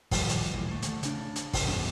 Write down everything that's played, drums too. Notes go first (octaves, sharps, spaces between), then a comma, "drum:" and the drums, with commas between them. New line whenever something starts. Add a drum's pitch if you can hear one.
A#2 D#3 F3 G3, drum: kick, open hi-hat
drum: hi-hat
A#1 D#2 A#2 E3
D3 A3
drum: hi-hat
C#3 D4, drum: hi-hat
drum: hi-hat
drum: kick, open hi-hat
F#1 E2 G2 C#3